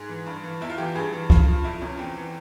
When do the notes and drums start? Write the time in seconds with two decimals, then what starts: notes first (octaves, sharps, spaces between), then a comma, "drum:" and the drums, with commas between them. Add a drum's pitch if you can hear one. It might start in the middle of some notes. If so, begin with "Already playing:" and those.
Already playing: G#2 G#4
0.09 E3
0.26 G2
0.44 E3
0.61 E2 E4
0.70 F4
0.78 E3 G4
0.95 G2 G#4
1.13 E3
1.30 G2 F4, drum: kick C#2
1.47 F3
1.64 F2 E4
1.82 C3 F3 C#4
1.99 E2 C4
2.17 E3